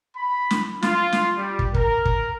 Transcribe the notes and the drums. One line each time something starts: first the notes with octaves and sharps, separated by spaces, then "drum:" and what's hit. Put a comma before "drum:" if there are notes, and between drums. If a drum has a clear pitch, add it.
B5
drum: snare
F4, drum: snare
drum: snare
G3
drum: kick
A#4, drum: kick
drum: kick